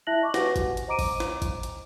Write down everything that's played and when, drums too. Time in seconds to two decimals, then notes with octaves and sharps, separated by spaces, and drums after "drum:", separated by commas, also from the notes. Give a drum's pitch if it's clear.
0.07 E4 E5 A5 F#6 A#6 F#7
0.22 D#5 C#6 D6
0.34 F#4 G4 B4 F#5 G#5 A#6, drum: snare
0.56 drum: kick, hi-hat
0.77 drum: hi-hat
0.87 C5 D#5 A#5 D6 D7 D#7
0.99 drum: kick, open hi-hat
1.20 drum: snare
1.42 drum: kick, hi-hat
1.63 drum: hi-hat